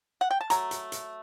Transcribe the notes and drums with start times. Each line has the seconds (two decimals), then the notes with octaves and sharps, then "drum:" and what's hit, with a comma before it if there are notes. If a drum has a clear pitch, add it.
0.21 F#5
0.31 G5
0.41 A5
0.50 F#3 A3 A#5, drum: hi-hat
0.71 drum: hi-hat
0.92 drum: hi-hat